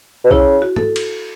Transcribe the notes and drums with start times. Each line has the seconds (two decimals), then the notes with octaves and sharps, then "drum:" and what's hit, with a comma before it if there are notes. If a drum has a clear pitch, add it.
0.25 B2
0.31 C#3 E4, drum: kick B1
0.62 F#4
0.76 A4, drum: tom
0.96 drum: cymbal